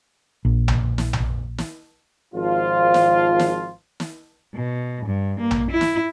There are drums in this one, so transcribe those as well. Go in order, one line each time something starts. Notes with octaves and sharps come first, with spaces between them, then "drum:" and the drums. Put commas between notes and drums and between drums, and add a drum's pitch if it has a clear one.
A#1
drum: tom A#1
drum: snare
drum: tom A#1
drum: snare
G#1 F3 F4
drum: snare
drum: snare
drum: snare
B2
G2
A#3
drum: tom A#1
E4
drum: snare